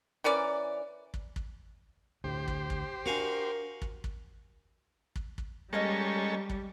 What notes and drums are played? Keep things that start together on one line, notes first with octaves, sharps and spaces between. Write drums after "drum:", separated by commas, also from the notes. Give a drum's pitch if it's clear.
E3 C#4 A#4 D5
drum: kick
drum: kick
D2 A2 G4 C5
drum: kick
drum: kick
C4 D4 F#4 A#4 F5 G#5
drum: kick
drum: kick
drum: kick
drum: kick
G3 G#3 A#3 C#4 D#4 A4 C#5
drum: kick